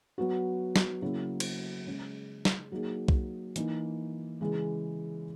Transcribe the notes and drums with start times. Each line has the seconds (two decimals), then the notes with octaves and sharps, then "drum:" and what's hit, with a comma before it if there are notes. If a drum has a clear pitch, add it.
0.18 F#3 B3 F#4
0.76 drum: snare
1.02 C#3 F#3 A#3 C#4 E4
1.40 drum: cymbal
1.86 C#3 G#3 C#4
2.45 drum: snare
2.72 F#3 A#3 D#4 G#4
3.08 drum: kick
3.56 E3 A#3 D#4, drum: hi-hat
4.41 C#3 E3 G#3